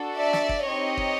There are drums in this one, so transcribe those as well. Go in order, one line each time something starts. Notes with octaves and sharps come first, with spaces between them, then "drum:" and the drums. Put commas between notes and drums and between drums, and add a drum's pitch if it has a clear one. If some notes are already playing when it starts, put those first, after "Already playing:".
Already playing: D4 F#4 A4
D5 E5
drum: snare
drum: kick
C4 D#4 G4 C#5 D#5
drum: kick